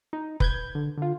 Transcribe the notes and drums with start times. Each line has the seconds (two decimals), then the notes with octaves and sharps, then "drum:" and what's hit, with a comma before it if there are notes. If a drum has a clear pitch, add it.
0.13 D#4
0.40 B4 G6 G#6, drum: kick F1
0.75 D3
0.98 D3 F4